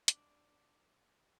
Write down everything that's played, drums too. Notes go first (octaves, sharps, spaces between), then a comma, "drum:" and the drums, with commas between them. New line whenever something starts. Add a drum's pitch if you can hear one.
D4, drum: hi-hat